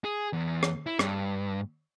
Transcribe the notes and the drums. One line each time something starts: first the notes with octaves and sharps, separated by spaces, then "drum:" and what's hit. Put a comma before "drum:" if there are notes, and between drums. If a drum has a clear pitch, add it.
G#4
E2
drum: rim click
E4
G2, drum: rim click